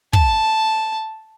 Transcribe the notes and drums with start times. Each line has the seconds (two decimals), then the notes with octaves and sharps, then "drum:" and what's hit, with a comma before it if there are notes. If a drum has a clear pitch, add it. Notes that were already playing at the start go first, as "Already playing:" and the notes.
0.13 A5, drum: kick